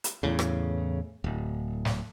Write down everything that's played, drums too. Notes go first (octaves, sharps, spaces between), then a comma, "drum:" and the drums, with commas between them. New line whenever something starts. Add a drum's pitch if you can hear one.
drum: hi-hat
E2 A2 C#3
drum: rim click
D1
drum: snare